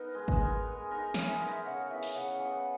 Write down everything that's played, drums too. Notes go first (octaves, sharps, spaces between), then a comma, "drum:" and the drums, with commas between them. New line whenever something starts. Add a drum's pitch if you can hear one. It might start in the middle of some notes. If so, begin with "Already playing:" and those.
Already playing: B3 D#4 A#4 B4
G#3
drum: kick G#1
B3 D#4 A#4
G#3
B3 D#4 A#4
G#3 C#5, drum: snare
E5
B3 D#4 A#4 E5
E5
C#3 F#5
E3 B3 E5
drum: open hi-hat
C#3 F#5
E3
B3